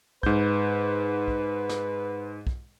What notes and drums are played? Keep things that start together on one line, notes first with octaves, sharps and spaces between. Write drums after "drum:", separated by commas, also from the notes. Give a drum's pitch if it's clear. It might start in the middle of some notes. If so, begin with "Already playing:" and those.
G#2 B4 G6, drum: kick
drum: kick
drum: snare
drum: kick